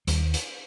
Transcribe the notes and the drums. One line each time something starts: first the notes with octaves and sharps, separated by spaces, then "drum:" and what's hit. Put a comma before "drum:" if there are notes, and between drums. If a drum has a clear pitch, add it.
D#2 G3, drum: hi-hat
drum: hi-hat